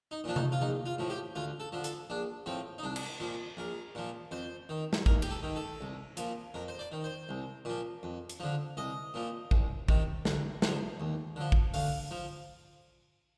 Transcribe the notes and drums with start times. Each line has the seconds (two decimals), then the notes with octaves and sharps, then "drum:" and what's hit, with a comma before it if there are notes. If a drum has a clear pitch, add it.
0.11 D#4
0.24 A#2 F3 D4
0.36 D#4, drum: tom C3
0.52 F4
0.60 A#1 D#4
0.86 F4
0.99 A2 F3
1.10 G4
1.36 D2 F4
1.60 A4
1.72 D3 F3
1.84 A4, drum: hi-hat
2.10 A#1 D4
2.46 A2 F3 C4
2.78 D#4
2.83 C2 D4
2.96 drum: cymbal
3.20 A#2 F3
3.57 A#1 A#4
3.95 A#2 F3
4.31 F2 C5
4.69 D#3
4.93 drum: snare
5.06 D#2 A#4, drum: kick
5.22 G4, drum: cymbal
5.31 A4
5.43 D#3
5.56 A4
5.81 C2
6.17 A#2 F3, drum: hi-hat
6.54 F2 A#4
6.68 C5
6.79 D5
6.92 D#3
7.04 C5
7.29 C2
7.65 A#2 F3
8.03 F2
8.29 drum: hi-hat
8.40 D3 F3
8.77 C2 D#5
9.14 A#2 F3
9.51 C2, drum: kick
9.88 C3 D#3, drum: kick
10.25 D2, drum: snare
10.62 D3 F3, drum: snare
11.00 D#2
11.36 D3 F3
11.52 drum: kick
11.74 D2 F5, drum: open hi-hat
12.11 F3